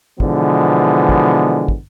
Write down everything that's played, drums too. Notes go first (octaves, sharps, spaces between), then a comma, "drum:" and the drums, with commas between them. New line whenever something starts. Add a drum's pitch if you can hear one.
B2 D3 E3 F3 G#3 B3, drum: kick
drum: kick
drum: kick